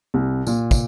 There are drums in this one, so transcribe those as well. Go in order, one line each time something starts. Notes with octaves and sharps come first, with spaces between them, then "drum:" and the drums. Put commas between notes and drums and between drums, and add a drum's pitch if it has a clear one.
C2
A#2, drum: tambourine
drum: kick, tambourine